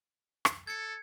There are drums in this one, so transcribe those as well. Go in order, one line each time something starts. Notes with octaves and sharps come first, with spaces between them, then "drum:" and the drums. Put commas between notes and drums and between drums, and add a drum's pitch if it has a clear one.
drum: rim click
A4 G#6 C#7